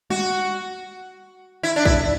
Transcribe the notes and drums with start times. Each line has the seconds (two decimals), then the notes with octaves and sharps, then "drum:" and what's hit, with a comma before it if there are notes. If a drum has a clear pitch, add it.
0.10 F#4, drum: tom G3
1.63 E4
1.76 D4
1.85 E4, drum: kick A#1